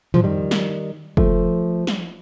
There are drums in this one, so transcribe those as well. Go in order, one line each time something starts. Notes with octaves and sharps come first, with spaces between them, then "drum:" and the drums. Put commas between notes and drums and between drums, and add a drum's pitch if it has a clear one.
F3, drum: tom
D#3 G3
drum: snare
F3 A3, drum: kick
drum: snare